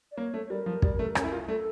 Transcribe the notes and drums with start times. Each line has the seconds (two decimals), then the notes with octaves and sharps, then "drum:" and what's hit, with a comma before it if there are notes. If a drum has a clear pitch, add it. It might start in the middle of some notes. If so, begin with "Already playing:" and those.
0.12 D5
0.17 A#3 C#5
0.34 A3
0.46 C#5
0.50 G3 A#4
0.66 F3
0.82 G3, drum: kick
0.99 A3
1.15 C#4, drum: rim click
1.24 E4
1.32 F4
1.48 A3 A4